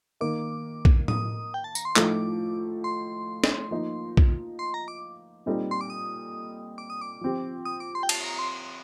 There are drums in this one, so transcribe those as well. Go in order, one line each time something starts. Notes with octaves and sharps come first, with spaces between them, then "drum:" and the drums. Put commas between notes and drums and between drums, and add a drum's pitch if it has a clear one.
D#3 A#3 D#4 A#4 D6
drum: kick A#1
D#6, drum: tom A2
G5
A5
A#5, drum: tambourine
C6
A2 F3 A3 D#4 A4 D6, drum: clap
C6
drum: snare
F3 A#3 D#4
drum: kick A#1
C6
A#5
D6
A#2 G3 C4 D#4 A4
C6
D6
D#6
D6
D#6
D6
F3 C4 G4
D#6
D6
C6
G5
A5, drum: cymbal
A#5
C6